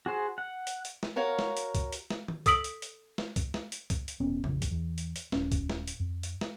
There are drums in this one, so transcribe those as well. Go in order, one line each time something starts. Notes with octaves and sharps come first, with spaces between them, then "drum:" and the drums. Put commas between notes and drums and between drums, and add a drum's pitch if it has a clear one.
F#4 G#4 C5
F#5
drum: hi-hat
drum: hi-hat
drum: snare
F#4 A#4 C#5 F5 F#5
drum: snare
drum: hi-hat
drum: kick, hi-hat
drum: hi-hat
drum: snare
drum: tom D#3
A4 D#6 E6 B6 D7 F#7, drum: kick, hi-hat
drum: hi-hat
drum: hi-hat
drum: snare
drum: kick, hi-hat
drum: snare
drum: hi-hat
drum: kick, hi-hat
drum: hi-hat
E1 B3 C#4
A#1 F2 C#3, drum: tom C#3
drum: kick, hi-hat
E2
drum: hi-hat
drum: hi-hat
D#1 C#4, drum: snare
drum: kick, hi-hat
drum: snare
drum: hi-hat
F2
drum: hi-hat
drum: snare